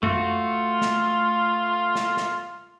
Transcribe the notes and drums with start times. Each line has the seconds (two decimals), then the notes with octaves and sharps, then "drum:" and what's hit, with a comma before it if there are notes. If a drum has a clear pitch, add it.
0.03 A3 F4 F#4, drum: tom F#2
0.82 drum: snare
1.95 drum: snare
2.17 drum: snare